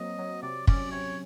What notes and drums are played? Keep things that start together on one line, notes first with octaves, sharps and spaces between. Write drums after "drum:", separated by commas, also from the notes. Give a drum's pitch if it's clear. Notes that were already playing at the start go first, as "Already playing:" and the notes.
Already playing: F#3 A#3 C4 D#5
F#3
C3 D5
C#4 D5, drum: kick
C3 C#5